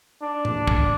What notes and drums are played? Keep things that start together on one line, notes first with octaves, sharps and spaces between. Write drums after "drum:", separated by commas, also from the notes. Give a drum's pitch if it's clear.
D4
drum: tom G#2
drum: kick